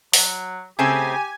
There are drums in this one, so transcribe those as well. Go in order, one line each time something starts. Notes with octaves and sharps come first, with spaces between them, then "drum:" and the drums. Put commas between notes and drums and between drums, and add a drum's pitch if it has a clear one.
F#3, drum: open hi-hat
C#3 A3 C4 G4 G#5